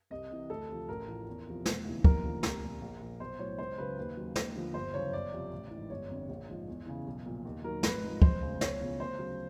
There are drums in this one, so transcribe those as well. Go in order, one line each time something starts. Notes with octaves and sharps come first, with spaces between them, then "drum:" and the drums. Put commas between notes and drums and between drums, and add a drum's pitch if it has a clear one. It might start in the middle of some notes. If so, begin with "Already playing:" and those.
C2 D#5
C3 E3
D2 A4
C3 F3
A1 A#4
A2 F3
E2
C3 F3
E1, drum: snare
D#2 C#3 E3
D#2 A#4, drum: kick
D3 F3
C2 A#4, drum: snare
A#2 F3
A#1
A#2 F3
B1 C5
A2 F#3 C#5
C#2 C5
C#3 F#3 B4
D#2 B4
C#3 F#3
D#2, drum: snare
D3 F3
G1 C5
F#2 C#3 E3 C#5
G1 D5
F2 C3 F3
A1
G#2 E3
G1 C#5
F2 D3
A#1
G#2 F3
E2
C#3 E3
B1
A#2 F3
D#2
D#3 F#3 A#4
G#1 B4, drum: snare
G#2 F3
E1 C5, drum: kick
D2 C#3
E1 C#5, drum: snare
E2 C#3 F3
D2 C5
C#3 F#3